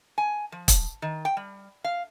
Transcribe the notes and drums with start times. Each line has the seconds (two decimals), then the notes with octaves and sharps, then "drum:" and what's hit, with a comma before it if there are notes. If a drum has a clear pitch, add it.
0.18 G#5
0.52 F3
0.68 drum: kick, hi-hat
1.02 D#3
1.25 G5
1.37 G3
1.84 F5